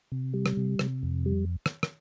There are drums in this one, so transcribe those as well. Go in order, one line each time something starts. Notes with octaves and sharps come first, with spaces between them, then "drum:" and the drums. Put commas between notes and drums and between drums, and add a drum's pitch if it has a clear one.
C3
G3
drum: rim click
C3
C3, drum: rim click
F2
G3
drum: rim click
drum: rim click